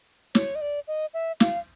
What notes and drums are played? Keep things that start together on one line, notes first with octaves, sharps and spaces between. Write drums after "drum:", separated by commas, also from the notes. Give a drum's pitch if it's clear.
C#5, drum: snare
D#5
D5
D#5
E5
F5, drum: snare